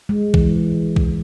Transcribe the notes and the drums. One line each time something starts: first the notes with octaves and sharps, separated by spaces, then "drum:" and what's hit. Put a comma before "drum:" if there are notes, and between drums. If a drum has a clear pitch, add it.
G#3
E3, drum: kick
drum: kick